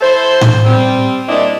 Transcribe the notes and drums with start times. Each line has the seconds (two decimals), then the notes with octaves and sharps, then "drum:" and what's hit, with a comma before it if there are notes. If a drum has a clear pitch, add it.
0.01 E4 A4 C5
0.41 drum: tom A2
0.65 G3 C4
1.28 A#2 G3 D4 E4 D#5